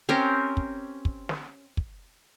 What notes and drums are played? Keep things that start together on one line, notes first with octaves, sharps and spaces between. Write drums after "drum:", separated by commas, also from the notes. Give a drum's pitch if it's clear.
C4 C#4 G4 A#4
drum: kick
drum: kick
drum: snare
drum: kick